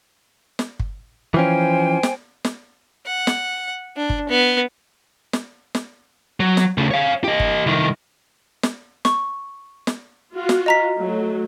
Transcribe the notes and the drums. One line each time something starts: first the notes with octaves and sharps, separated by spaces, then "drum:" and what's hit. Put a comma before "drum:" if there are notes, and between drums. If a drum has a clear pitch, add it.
drum: snare
drum: kick G1
E3 F3 C#4 C5 G5 G#5
drum: snare
drum: snare
F#5
drum: snare
D4
drum: kick G1
B3
drum: snare
drum: snare
F#3
drum: snare
C#3 A3
C#5 F5
G4 D#5
drum: kick G1
C2 D#3
drum: snare
C#6, drum: snare
drum: snare
F4 F#4
drum: snare
D#5 A#5 B6
F#3 A3